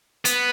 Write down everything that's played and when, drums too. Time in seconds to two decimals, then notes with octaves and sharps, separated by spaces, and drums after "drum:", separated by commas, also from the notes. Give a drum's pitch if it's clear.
0.25 B3, drum: hi-hat